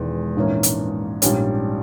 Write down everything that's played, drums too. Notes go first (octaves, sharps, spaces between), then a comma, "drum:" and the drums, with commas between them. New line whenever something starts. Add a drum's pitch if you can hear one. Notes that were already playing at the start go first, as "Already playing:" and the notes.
Already playing: E1 E2 D#3 G#3
A#1 G#2 E3 A#3 C#4
drum: hi-hat
A#1 G#2 G3 C#4, drum: hi-hat